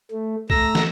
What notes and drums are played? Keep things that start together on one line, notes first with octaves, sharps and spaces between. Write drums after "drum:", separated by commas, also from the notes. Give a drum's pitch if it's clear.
A3
A3 A#5 E6 A#6, drum: kick C2
drum: snare